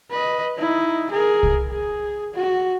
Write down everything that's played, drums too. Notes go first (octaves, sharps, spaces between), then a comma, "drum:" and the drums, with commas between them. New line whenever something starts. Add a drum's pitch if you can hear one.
B4 D#5
D#4 E4
G#4 A#4
drum: kick C2
G#4
F#4